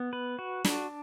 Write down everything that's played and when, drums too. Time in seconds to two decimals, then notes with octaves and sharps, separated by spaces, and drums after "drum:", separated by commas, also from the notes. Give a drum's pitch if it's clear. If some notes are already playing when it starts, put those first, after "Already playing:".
Already playing: B3
0.13 B4
0.39 F#4
0.65 D4, drum: snare